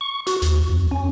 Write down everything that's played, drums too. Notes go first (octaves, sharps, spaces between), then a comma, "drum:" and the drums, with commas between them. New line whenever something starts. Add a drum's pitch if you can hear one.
C#6
F#4, drum: hi-hat
D#2, drum: hi-hat
F2
C#4